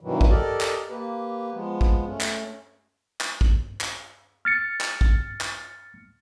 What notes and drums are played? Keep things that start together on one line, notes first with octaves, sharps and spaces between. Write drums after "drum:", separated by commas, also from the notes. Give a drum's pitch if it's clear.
G2 B2 D#3 E3 F#3
drum: kick
G4 A4 A#4 D5 D#5
drum: clap
A#3 G4 B4
F3 G#3 B3
drum: kick
A3 C#4
drum: clap
drum: clap
drum: kick
drum: clap
F6 A6 C#7
drum: clap
drum: kick
drum: clap